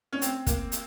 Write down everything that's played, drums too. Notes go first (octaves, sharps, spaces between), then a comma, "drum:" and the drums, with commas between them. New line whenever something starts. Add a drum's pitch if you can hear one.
C#4
C4, drum: hi-hat
A#3, drum: kick, hi-hat
drum: hi-hat